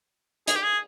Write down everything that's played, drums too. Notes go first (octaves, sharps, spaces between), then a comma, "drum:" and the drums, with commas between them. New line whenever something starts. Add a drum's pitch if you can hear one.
G#4, drum: hi-hat
G4
G#4